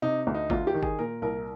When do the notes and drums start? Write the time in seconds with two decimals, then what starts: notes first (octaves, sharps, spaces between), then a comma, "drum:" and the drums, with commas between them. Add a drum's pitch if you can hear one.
0.02 C3 D#4
0.27 D2
0.35 D#4
0.50 D2 F4, drum: kick G1
0.67 G4
0.74 D#3
0.83 G#4, drum: kick G1
0.99 A#2 A#4
1.22 C2 A#4